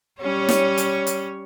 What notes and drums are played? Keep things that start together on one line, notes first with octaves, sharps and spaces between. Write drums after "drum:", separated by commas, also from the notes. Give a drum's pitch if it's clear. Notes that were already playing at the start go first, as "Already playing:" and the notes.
G3 C#4 C#5
drum: snare
drum: hi-hat
drum: hi-hat